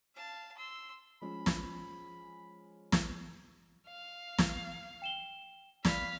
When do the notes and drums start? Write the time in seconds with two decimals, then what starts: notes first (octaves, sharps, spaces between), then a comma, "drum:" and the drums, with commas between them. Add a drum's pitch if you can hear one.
0.15 F5 A5
0.57 C6 E6
1.22 F3 G#3 C#4 B5
1.46 drum: snare
2.92 drum: snare
3.88 F5
4.38 drum: snare
5.02 G5 E7 G7
5.85 D5 F5 B5 B6, drum: snare